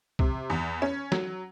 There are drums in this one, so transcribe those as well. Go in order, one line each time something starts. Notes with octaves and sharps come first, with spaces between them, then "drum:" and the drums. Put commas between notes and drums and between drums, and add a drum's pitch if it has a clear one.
C3, drum: kick
E2
C#4
F#3, drum: snare